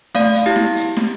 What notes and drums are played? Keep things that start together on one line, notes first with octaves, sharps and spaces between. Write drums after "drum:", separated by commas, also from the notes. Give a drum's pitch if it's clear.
A3 D5 F5, drum: snare
drum: hi-hat
E4 G4
drum: snare
drum: hi-hat
drum: snare